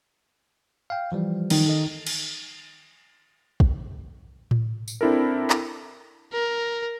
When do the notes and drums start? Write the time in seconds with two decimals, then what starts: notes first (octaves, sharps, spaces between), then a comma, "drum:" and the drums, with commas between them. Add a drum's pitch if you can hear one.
0.90 F5 G5
1.12 E3 F3 G3
1.50 D#3 D#4, drum: cymbal
1.66 A4 D#5
2.07 drum: cymbal
3.60 drum: kick
4.51 drum: tom A2
4.88 drum: tambourine
5.01 C4 D4 E4 A4 A#4
5.50 drum: clap
6.33 A#4